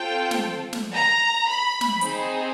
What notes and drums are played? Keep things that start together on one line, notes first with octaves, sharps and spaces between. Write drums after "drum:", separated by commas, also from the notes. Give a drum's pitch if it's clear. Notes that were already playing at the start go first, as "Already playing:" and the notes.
Already playing: C4 F4 A4 G5
drum: snare
drum: snare
A#5
B5
drum: snare
C4 D#4 G#4, drum: hi-hat